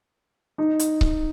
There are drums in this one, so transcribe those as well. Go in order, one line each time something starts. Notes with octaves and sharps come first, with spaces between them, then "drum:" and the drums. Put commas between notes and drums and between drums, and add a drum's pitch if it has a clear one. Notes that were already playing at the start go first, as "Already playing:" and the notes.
D#4
drum: hi-hat
drum: kick C#1